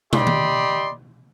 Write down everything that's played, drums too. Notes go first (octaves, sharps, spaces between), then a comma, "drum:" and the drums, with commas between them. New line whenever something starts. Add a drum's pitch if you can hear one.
G4 D5 D#5 B5 C6, drum: tom
drum: tom